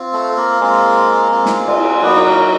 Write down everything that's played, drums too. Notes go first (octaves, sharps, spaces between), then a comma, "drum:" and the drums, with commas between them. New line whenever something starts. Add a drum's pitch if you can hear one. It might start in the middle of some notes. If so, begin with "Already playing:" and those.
Already playing: C4 F4
A3 A4
A#3 A#4
G#3 C4 F4
G#3 C4 F4
drum: snare
drum: cymbal
F#3 A#3 B3 D#4 F#4 B4
A#3 A#4